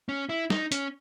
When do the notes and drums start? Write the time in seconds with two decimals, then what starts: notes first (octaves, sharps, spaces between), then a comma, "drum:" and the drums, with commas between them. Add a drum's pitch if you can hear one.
0.09 C#4
0.29 E4
0.50 D#4, drum: snare
0.72 C#4, drum: hi-hat